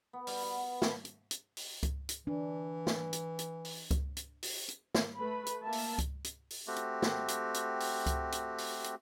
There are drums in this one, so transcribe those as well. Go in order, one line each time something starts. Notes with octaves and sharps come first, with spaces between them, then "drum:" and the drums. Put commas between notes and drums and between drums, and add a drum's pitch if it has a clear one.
B3
G3, drum: open hi-hat
F#5
B3
A5, drum: snare
drum: hi-hat
drum: hi-hat
drum: open hi-hat
drum: kick C#2, hi-hat
drum: hi-hat
E3 D4
drum: snare
drum: hi-hat
drum: hi-hat
drum: open hi-hat
drum: kick C#2, hi-hat
drum: hi-hat
drum: open hi-hat
drum: hi-hat
drum: snare
A3 B4 B5
drum: hi-hat
A#3 E5 A5
drum: open hi-hat
drum: kick C#2, hi-hat
drum: hi-hat
drum: open hi-hat
A3 C4 F#4 G4
drum: hi-hat
drum: snare
drum: hi-hat
drum: hi-hat
drum: open hi-hat
drum: kick C#2, hi-hat
drum: hi-hat
drum: open hi-hat
drum: hi-hat